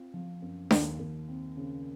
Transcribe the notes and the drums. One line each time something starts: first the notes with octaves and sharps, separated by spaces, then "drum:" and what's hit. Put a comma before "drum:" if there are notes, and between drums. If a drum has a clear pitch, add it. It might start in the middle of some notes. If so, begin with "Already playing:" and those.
Already playing: C4 F4
F3
F#2
D#2, drum: snare D4
D#2
C4
C#3